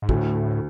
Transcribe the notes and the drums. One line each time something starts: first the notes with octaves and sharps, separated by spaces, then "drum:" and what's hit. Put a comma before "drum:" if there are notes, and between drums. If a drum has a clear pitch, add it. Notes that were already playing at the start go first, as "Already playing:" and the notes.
G#2
D2 A2, drum: kick